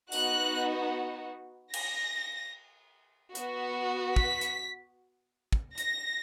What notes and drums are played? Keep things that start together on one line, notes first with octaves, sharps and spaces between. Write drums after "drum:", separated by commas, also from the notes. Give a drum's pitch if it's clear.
B3 D#4 F#4 F#6, drum: tambourine
A#6, drum: cymbal
B3 F#4, drum: hi-hat
B6, drum: kick
drum: hi-hat
drum: kick
A#6, drum: hi-hat